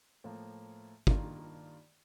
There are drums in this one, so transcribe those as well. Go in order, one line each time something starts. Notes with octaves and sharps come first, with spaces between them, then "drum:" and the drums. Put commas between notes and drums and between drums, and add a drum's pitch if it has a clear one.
A2 F3 A#3
G2 D#3 A#3 F4, drum: kick